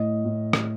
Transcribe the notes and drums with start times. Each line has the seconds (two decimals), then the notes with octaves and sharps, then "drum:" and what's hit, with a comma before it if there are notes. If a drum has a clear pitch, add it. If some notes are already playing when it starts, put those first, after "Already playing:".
Already playing: A2 D#5
0.25 A2
0.53 drum: rim click